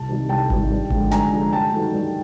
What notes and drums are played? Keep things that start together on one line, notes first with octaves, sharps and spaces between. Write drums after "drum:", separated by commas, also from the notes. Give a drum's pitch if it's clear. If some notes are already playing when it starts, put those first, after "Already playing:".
Already playing: C2 A5
C3 D#3 G3
C2 G5 A5
C3 D#3 G3, drum: kick G#1
G2
D3 F3 G#3, drum: kick G#1
G2 G#5 A#5, drum: snare
D3 F3 G#3
G2 G5 A5
D#3 F#3 A3
G2